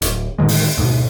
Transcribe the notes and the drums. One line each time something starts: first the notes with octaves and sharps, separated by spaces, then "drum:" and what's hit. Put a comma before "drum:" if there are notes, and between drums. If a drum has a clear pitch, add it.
D1, drum: hi-hat
A2 D3 D#3 G#3
drum: open hi-hat
D2 G#2 B2